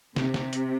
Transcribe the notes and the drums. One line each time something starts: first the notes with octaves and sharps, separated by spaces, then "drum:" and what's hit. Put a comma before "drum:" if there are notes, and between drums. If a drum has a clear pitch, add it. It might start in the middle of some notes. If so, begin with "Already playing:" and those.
C3, drum: snare
drum: snare
drum: hi-hat